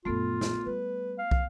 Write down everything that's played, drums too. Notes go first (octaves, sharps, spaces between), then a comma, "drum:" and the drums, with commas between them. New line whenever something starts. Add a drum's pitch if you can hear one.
A#1 F#2 A3 B3 F4 A4
drum: snare
G3 B4
F5
drum: kick